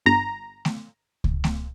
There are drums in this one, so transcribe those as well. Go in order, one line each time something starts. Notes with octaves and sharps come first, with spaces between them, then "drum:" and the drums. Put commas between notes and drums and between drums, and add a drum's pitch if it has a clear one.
G1 A#5
drum: snare A3
drum: kick C#2
drum: snare A3